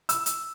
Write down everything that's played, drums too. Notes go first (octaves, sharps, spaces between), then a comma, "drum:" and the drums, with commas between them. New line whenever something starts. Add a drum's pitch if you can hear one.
E6, drum: hi-hat
drum: hi-hat